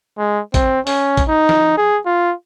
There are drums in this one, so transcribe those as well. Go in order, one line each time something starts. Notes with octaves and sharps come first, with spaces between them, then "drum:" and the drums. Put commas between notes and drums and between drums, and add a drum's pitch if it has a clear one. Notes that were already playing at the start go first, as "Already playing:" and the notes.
G#3
C4, drum: kick, hi-hat
C#4, drum: open hi-hat
drum: kick, hi-hat
D#4
drum: snare
G#4
F4